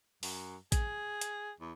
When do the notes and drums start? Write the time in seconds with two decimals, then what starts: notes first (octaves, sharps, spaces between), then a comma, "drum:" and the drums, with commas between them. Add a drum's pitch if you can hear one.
0.23 F#2, drum: open hi-hat
0.72 G#4, drum: kick A1, hi-hat
1.21 drum: hi-hat
1.60 E2